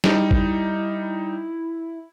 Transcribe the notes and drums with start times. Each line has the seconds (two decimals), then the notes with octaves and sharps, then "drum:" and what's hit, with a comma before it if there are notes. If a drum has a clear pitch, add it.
0.04 G3 D#4 E4, drum: snare
0.31 drum: kick